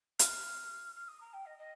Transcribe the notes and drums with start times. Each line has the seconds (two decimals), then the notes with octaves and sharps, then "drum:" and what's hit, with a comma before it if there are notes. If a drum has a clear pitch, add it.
0.19 F6, drum: hi-hat
0.95 F6
1.08 D#6
1.20 A#5
1.33 G5
1.46 D#5
1.58 D#5